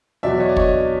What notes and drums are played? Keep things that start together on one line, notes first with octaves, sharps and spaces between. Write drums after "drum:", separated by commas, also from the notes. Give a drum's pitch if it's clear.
E2 B2 F#3 D5 E5
C#5 D#5
D5
C#5 D#5, drum: kick